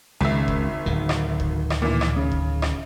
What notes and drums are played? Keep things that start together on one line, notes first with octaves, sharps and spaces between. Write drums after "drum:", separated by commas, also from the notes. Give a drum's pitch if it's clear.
G#1 C#2 C#3 E5
drum: kick E1
D1 D#3
drum: rim click
drum: kick E1
drum: rim click
A#2 E3
drum: rim click
C#3
drum: kick E1
drum: rim click